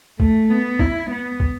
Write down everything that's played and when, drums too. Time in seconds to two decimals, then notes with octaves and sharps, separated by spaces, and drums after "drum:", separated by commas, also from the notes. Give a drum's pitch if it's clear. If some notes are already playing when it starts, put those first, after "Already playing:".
0.20 A3, drum: kick
0.50 B3
0.79 E4, drum: kick
1.10 B3
1.40 drum: kick